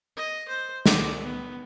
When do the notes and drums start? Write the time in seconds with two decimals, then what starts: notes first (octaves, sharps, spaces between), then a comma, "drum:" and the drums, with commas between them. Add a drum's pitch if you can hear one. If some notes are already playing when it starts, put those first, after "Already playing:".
0.17 D#5
0.48 C5
0.86 D5, drum: snare
1.24 B3